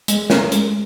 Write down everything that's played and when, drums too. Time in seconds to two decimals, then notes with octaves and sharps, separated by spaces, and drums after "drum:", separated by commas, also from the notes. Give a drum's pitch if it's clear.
0.08 G#3, drum: hi-hat
0.30 C#4 A#4, drum: snare
0.52 G#3, drum: hi-hat